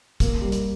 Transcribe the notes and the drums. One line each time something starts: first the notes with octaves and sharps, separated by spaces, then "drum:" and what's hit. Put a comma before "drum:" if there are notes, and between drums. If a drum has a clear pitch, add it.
A#3, drum: kick, hi-hat
G3
drum: hi-hat